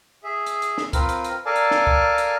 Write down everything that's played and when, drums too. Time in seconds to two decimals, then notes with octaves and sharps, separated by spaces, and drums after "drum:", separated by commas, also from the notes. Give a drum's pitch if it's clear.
0.24 G#4 E5
0.46 drum: hi-hat
0.62 drum: hi-hat
0.78 drum: snare
0.93 C4 F4 A#4 B4, drum: kick C#2, hi-hat
1.09 drum: hi-hat
1.24 drum: hi-hat
1.46 A4 A#4 D5 F5 G#5 A5
1.56 drum: hi-hat
1.71 drum: snare
1.87 drum: kick C#2
2.18 drum: hi-hat